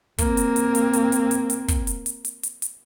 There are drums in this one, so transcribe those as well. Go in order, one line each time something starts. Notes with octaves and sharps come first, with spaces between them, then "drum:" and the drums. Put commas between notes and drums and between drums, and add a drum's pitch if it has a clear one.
A#3 C4, drum: kick, hi-hat
drum: hi-hat
drum: hi-hat
drum: hi-hat
drum: hi-hat
drum: hi-hat
drum: hi-hat
drum: hi-hat
drum: kick, hi-hat
drum: hi-hat
drum: hi-hat
drum: hi-hat
drum: hi-hat
drum: hi-hat